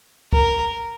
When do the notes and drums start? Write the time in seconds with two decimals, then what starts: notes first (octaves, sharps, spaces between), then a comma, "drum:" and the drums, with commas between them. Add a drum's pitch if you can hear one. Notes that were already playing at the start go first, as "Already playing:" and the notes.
0.33 A#4, drum: kick